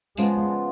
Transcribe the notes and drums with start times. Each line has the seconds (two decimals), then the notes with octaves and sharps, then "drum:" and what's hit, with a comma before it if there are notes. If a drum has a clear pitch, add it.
0.17 C#3 F3 G#3 B3 F4, drum: tambourine